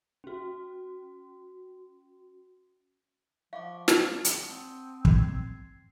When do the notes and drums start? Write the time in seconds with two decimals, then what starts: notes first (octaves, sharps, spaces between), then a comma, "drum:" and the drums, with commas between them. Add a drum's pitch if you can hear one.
0.24 C#4 F#4
3.53 F3 F5 F#5 C#6 D6
3.88 D4, drum: snare
4.25 drum: hi-hat
4.45 C4 F#5 A5 D#6
5.05 G#6 C7, drum: kick